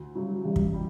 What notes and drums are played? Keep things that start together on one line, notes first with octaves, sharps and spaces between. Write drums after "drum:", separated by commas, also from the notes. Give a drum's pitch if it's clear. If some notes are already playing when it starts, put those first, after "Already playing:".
Already playing: D2
C#3 F#3 G3
A1 G3
drum: kick
G3